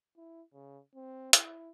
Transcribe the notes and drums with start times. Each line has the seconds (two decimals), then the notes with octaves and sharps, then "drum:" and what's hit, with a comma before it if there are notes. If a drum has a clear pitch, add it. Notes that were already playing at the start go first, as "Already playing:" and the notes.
0.17 E4
0.54 C#3
0.95 C4
1.33 E4, drum: hi-hat